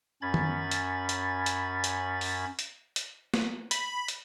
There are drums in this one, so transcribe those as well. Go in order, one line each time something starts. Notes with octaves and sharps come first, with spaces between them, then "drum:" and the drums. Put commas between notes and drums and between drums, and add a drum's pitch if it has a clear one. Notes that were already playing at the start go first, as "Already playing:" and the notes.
F#2 C#4 B5 G#6 A6
drum: tom D#3
drum: hi-hat
drum: hi-hat
drum: hi-hat
drum: hi-hat
drum: open hi-hat
drum: hi-hat
drum: hi-hat
drum: snare
B5, drum: hi-hat
drum: hi-hat